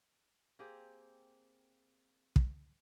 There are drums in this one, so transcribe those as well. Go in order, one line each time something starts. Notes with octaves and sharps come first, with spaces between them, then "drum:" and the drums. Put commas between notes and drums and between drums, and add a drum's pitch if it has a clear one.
A#3 C4 G4 G#4
drum: kick